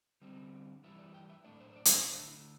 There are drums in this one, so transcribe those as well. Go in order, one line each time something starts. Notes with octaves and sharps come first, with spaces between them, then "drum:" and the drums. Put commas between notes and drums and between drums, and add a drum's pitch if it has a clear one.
D3 G3 C4
E3 G3 E4
D5
G5
E5
A2 A3 D4 D5
C5
C5
D5
drum: hi-hat
D3 A3 D4 G4
E4